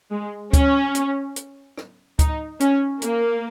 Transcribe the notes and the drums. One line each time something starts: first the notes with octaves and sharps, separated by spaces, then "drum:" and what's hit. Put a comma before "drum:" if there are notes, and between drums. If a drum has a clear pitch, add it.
G#3
C#4, drum: kick D2, hi-hat
drum: hi-hat
drum: hi-hat
drum: rim click
D#4, drum: kick D2, hi-hat
C#4, drum: hi-hat
A#3, drum: hi-hat